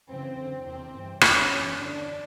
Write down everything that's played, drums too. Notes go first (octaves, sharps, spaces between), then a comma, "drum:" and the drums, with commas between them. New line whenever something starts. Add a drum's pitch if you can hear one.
F#2 C#3 E3 C4
F#2 D3
E2 C3 D#3 C4
G2 E3
E2 B2 C#4, drum: rim click
G2 E3
F#2 D3 D4